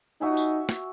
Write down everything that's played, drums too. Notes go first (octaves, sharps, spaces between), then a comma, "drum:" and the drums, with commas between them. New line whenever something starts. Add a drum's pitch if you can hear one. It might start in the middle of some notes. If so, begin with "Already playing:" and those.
D#4 F#4 E5 G#5
drum: tambourine
drum: snare